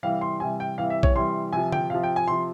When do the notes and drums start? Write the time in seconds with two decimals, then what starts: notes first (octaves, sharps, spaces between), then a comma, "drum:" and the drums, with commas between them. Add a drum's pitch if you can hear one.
0.03 C3 E3 G3 F5
0.21 C6
0.40 C3 E3 G3 G#5
0.60 G5
0.78 C3 E3 G3 F5
0.90 E5
1.03 C#5, drum: kick A#1
1.15 C3 E3 G3 C6
1.53 C3 F3 G#5
1.72 G5, drum: tom D3
1.90 C3 F3 F5
2.03 G5
2.16 G#5
2.28 C3 F3 C6